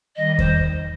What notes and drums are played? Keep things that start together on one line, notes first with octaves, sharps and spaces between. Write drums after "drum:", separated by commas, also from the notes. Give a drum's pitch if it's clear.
D#3 G3 D#5
C5, drum: kick E2